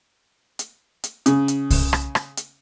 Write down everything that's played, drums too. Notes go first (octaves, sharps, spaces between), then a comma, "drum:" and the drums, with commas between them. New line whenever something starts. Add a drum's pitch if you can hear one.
drum: hi-hat
drum: hi-hat
C#3, drum: hi-hat
drum: hi-hat
drum: kick C2, open hi-hat
drum: rim click
drum: rim click
drum: hi-hat